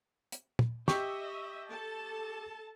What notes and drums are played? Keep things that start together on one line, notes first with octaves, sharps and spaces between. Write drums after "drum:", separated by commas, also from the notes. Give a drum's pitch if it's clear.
drum: hi-hat
drum: tom
G4 D#5 E5 C#6, drum: snare
A4 A5